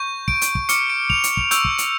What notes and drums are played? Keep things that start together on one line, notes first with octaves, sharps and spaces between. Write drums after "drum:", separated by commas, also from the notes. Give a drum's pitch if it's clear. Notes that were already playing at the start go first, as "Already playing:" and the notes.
Already playing: C#6 G6
D7, drum: kick
drum: hi-hat
drum: kick
D6 F6 C#7, drum: hi-hat
D7
F7, drum: kick
drum: hi-hat
drum: kick
C#6 E6 G6, drum: hi-hat
drum: kick
drum: hi-hat